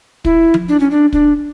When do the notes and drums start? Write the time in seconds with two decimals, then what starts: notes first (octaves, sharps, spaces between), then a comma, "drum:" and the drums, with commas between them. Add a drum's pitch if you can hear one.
0.25 E4, drum: kick
0.54 drum: tom F3
0.68 D4
0.80 C#4
0.91 D4
1.13 D4, drum: kick